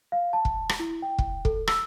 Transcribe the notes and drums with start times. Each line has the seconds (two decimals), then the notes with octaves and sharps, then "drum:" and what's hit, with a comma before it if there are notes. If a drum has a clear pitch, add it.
0.12 F5
0.33 A5
0.45 drum: kick
0.69 drum: rim click
0.80 E4
1.02 G5
1.18 drum: kick
1.45 A4, drum: kick
1.68 E6, drum: rim click